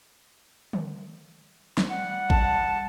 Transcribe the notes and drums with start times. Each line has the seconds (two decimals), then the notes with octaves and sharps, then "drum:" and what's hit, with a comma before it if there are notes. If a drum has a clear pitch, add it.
0.73 drum: tom
1.78 drum: snare
1.89 G3 F#5
2.30 A5, drum: kick A1